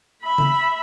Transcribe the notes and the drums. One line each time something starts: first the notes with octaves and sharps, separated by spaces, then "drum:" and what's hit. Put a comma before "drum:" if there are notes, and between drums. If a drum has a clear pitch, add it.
E5 B5
drum: tom C#3